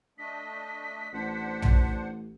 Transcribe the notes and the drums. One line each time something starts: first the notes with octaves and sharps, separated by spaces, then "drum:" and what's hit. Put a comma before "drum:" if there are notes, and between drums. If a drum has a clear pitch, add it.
A3 D4 D#5 B6
A1 D4 C5 F#5
drum: tom A#1